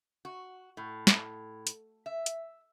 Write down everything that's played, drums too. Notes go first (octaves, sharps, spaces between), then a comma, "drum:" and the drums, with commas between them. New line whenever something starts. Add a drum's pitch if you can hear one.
F#4
A2
drum: snare
drum: hi-hat
E5
drum: hi-hat